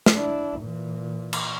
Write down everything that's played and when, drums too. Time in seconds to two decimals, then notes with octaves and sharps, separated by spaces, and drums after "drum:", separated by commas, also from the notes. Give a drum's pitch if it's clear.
0.06 drum: snare
0.16 D4 E4
0.60 A#2 E3
1.33 drum: cymbal